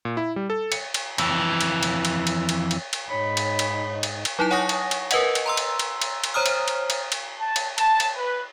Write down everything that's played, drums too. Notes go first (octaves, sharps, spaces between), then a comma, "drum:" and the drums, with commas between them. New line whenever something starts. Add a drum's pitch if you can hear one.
A#2
E4
G3
A4
C#7, drum: cymbal
drum: cymbal
F2 E3, drum: cymbal
drum: cymbal
drum: cymbal
drum: cymbal
drum: cymbal
drum: cymbal
drum: cymbal
drum: cymbal
G#2 D#4 C#5 B5
drum: cymbal
drum: cymbal
drum: cymbal
drum: cymbal
F#3 D#4 E4 A5
C#5 F#5 G#5 C#6 D#6 A#6
drum: cymbal
drum: cymbal
A#4 B4 D#5 F#5, drum: cymbal
drum: cymbal
A#5 C6 E6
drum: cymbal
drum: cymbal
drum: cymbal
drum: cymbal
C5 C#5 A#5 D#6 F6
drum: cymbal
drum: cymbal
drum: cymbal
drum: cymbal
A5
drum: cymbal
A5, drum: cymbal
drum: cymbal
B4